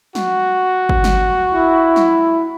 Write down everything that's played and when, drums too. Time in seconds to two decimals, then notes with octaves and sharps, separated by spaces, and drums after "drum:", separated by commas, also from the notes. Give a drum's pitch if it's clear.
0.15 F#4, drum: snare
0.89 drum: kick
1.04 drum: snare
1.54 E4
1.96 drum: snare